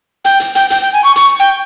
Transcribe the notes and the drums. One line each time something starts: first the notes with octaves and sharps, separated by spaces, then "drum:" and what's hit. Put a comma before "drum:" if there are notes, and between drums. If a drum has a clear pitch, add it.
G5, drum: hi-hat
drum: hi-hat
G5, drum: hi-hat
G5, drum: hi-hat
G5
G#5
C#6
C#6, drum: hi-hat
G5